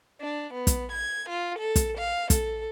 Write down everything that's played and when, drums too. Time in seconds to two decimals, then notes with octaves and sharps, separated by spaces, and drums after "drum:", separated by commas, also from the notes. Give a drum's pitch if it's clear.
0.20 D4
0.53 B3
0.67 drum: kick, hi-hat
0.91 G#6
1.27 F4
1.58 A4
1.76 drum: kick, hi-hat
1.96 F5
2.30 A4, drum: kick, hi-hat